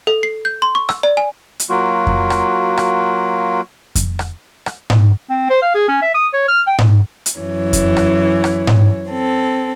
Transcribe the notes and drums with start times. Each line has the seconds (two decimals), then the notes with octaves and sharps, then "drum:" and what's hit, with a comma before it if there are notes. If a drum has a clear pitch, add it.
0.07 A4
0.23 C7
0.45 G6
0.62 C6
0.75 C#6
0.89 E6, drum: rim click
1.03 D5
1.17 G#5
1.60 drum: hi-hat
1.70 F#3 A#3 F4 F#4
2.07 drum: kick F2
2.30 drum: rim click
2.77 drum: rim click
3.95 drum: kick F2, hi-hat
4.19 drum: rim click
4.66 drum: rim click
4.90 drum: tom G#2
5.30 C4
5.50 C5
5.62 F5
5.74 G#4
5.88 C#4
6.02 E5
6.14 D#6
6.33 C#5
6.48 F6
6.67 G5
6.79 drum: tom G#2
7.26 drum: hi-hat
7.38 F#2 E3 C#5
7.73 drum: kick F2, hi-hat
7.97 drum: rim click
8.44 drum: rim click
8.67 drum: tom G#2
9.09 C4 A4